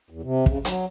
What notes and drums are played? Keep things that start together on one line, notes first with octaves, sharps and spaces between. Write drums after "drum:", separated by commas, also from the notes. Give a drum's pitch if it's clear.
E2
C3
C#3, drum: kick
F#3, drum: hi-hat